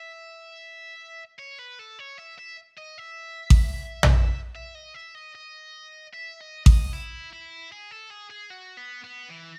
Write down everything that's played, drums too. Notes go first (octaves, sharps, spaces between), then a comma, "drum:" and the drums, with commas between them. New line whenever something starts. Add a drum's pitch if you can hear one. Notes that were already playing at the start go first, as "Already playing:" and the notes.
Already playing: E5
C#5
B4
A4
C#5
E5
E5
D#5
E5
drum: kick A1
drum: tom A#1
E5
D#5
E5
D#5
D#5
E5
D#5
D#5, drum: kick A1
E4
E4
G#4
A4
G#4
G#4
F#4
B3
B3
E3